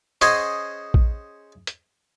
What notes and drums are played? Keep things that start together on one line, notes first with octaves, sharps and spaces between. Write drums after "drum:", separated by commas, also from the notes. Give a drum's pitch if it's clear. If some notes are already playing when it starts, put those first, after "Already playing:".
C#4 G#4 C5 D#5 F#5 G#5, drum: hi-hat
drum: kick A#1
drum: hi-hat